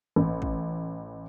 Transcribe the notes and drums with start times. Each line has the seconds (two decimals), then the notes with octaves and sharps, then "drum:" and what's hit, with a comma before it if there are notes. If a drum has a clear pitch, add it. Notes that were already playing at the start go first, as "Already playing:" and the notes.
0.16 A1
0.42 drum: kick